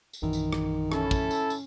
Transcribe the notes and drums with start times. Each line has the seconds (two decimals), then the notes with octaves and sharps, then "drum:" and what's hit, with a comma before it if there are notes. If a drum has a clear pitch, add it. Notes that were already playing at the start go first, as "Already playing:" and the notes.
0.13 drum: tambourine
0.23 A#1 F#2 D#3 E3
0.33 drum: tambourine
0.53 drum: rim click
0.92 C#4 E4 A4, drum: rim click
1.11 drum: kick, tambourine
1.31 drum: tambourine
1.50 drum: tambourine